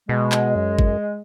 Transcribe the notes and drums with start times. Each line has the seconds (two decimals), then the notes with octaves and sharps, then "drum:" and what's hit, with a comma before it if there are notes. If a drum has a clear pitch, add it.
0.09 B2 G#3
0.32 drum: clap
0.55 F#2
0.79 drum: kick